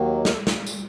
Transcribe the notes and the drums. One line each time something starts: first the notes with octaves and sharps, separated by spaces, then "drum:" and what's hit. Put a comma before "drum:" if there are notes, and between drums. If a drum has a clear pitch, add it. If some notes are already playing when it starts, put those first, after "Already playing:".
Already playing: D#2 D#3 F#3 A#3
A#4, drum: snare
A4
drum: snare
drum: tambourine